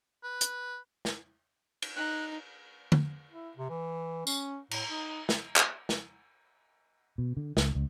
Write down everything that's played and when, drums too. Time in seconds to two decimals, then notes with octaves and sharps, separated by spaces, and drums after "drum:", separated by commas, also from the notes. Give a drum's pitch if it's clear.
0.23 B4
0.41 drum: hi-hat
1.05 drum: snare
1.82 drum: cymbal
1.96 D#4 F#6
2.92 drum: tom
3.31 E4
3.57 C3
3.70 E3
4.27 C#4, drum: tambourine
4.71 A2, drum: cymbal
4.90 D#4
5.29 drum: snare
5.56 drum: clap
5.89 drum: snare
7.18 B2
7.37 D3
7.57 C#2, drum: snare
7.75 C#2